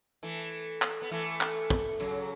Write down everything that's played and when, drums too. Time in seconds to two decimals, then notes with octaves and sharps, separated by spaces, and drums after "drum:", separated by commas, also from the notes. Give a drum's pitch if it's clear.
0.23 E3 A3, drum: tambourine
0.82 drum: clap
1.02 B3
1.11 E3 A3
1.41 drum: clap
1.70 drum: kick
2.00 C#3 F#3, drum: tambourine